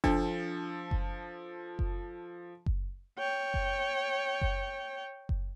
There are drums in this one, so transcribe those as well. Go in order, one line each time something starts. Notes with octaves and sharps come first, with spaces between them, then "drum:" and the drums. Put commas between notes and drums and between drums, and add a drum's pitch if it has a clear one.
F3 D4 A4, drum: kick F#1
drum: kick F#1
drum: kick F#1
drum: kick F#1
C#5 G5
drum: kick F#1
drum: kick F#1
drum: kick F#1